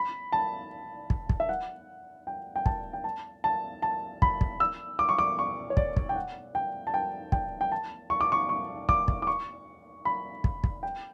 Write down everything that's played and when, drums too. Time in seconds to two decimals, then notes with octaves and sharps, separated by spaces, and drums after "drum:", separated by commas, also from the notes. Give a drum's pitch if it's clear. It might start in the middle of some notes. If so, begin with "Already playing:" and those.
Already playing: B5
0.32 A5
1.10 drum: kick
1.29 drum: kick
1.40 E5
1.49 F#5
2.27 G5
2.56 G5
2.66 A5, drum: kick
2.93 G5
3.04 A5
3.44 A5
3.82 A5
4.22 B5, drum: kick
4.41 drum: kick
4.60 E6
4.99 D6
5.09 C#6
5.19 D6
5.39 C#6
5.70 C#5
5.77 D5, drum: kick
5.97 drum: kick
6.09 G5
6.16 F#5
6.55 G5
6.87 A5
6.94 G5
7.32 G5, drum: kick
7.61 G5
7.72 A5
8.10 C#6
8.21 D6
8.32 C#6
8.49 C#6
8.89 D6, drum: kick
9.08 drum: kick
9.22 D6
9.27 C#6
10.05 B5
10.44 drum: kick
10.64 drum: kick
10.83 G5